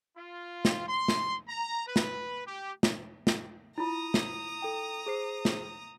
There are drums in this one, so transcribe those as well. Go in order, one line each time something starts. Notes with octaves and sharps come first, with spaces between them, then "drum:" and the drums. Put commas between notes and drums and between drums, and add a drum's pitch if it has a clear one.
F4
drum: snare
C6
drum: snare
A#5
B4
drum: snare
G4
drum: snare
drum: snare
E4 F4 A#5 D#6
drum: snare
A4 G5
G#4 C5 C7
drum: snare